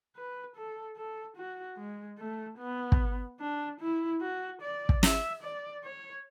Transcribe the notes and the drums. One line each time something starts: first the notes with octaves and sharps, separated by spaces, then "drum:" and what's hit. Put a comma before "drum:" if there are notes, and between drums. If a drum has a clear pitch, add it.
B4
A4
A4
F#4
G#3
A3
B3
drum: kick
D4
E4
F#4
D5
drum: kick
E5, drum: snare
D5
C#5